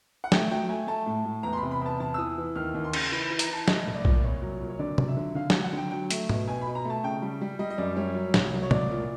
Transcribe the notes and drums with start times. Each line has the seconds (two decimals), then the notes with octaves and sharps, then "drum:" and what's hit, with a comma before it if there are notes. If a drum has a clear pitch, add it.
0.24 F#5
0.32 A3 G5, drum: snare
0.51 F#3 G5
0.69 A3 G#5
0.87 A3 A5
1.06 A2
1.25 A2
1.43 E2 A#5
1.53 C6
1.57 B5
1.62 C3
1.71 B5
1.81 E2 A5
2.00 E2 A5
2.14 E6
2.18 E3 D#6
2.38 E3
2.56 D#2 F6
2.74 D#2
2.84 C6
2.93 C#3, drum: cymbal
3.12 E3 B5
3.25 B5
3.30 E3
3.39 A#5, drum: hi-hat
3.49 E3 A5
3.68 A3 D#5, drum: snare
3.87 C2
3.95 D5
4.05 A#2, drum: kick B1
4.24 C2 C#5
4.42 F#3
4.60 A#2
4.69 C#5
4.79 D3 D5
4.98 F#3, drum: tom
5.08 E5
5.17 D3
5.35 D3 F5
5.50 F#3 F#5, drum: snare
5.64 F#5
5.73 D3 G5
5.91 F#3 G5
6.11 A3, drum: hi-hat
6.29 B2, drum: tom
6.47 B2 G#5
6.61 B5
6.67 B2
6.75 A#5
6.85 A3 A5
7.03 C#3 G5
7.22 G3
7.41 G3
7.59 G3 D#5
7.70 D#5
7.78 F#2 D5
7.96 G3 C#5
8.15 F#3
8.34 C2, drum: snare
8.52 F#3
8.62 C#5
8.71 C2 D5, drum: tom
8.91 A#2